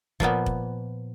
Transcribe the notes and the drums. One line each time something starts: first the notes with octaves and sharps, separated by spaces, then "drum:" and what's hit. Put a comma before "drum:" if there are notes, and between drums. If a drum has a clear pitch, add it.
A#2 F3 A#3 B3, drum: kick
drum: kick